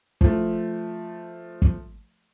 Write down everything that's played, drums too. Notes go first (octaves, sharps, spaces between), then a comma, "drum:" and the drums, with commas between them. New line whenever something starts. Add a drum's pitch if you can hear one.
F3 A3, drum: kick
drum: kick